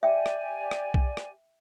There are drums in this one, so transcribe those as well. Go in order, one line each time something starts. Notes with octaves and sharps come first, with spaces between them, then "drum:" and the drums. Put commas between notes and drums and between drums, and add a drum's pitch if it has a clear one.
G4 D5 E5 G5 G#5
drum: rim click
drum: rim click
drum: kick B1
drum: rim click